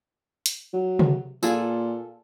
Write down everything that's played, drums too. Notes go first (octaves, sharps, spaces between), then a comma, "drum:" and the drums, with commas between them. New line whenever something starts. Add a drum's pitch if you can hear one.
drum: hi-hat
F#3
drum: tom C3
A#2 F4 G#4 A4, drum: tambourine